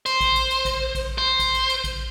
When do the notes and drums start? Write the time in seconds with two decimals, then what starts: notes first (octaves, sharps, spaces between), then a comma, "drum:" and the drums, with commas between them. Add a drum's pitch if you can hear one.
0.06 C5, drum: cymbal
0.21 drum: kick, cymbal
0.35 drum: cymbal
0.50 drum: cymbal
0.65 drum: kick, cymbal
0.95 drum: kick, cymbal
1.18 C5
1.40 drum: kick, cymbal
1.54 drum: cymbal
1.69 drum: cymbal
1.84 drum: kick, cymbal